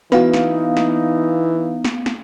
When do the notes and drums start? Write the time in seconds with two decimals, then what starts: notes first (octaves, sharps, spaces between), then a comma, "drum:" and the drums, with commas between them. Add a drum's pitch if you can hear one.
0.12 E3 B3 D#4 F#4 B4 F5, drum: snare
0.33 drum: snare
0.77 drum: snare
1.85 drum: snare
2.06 drum: snare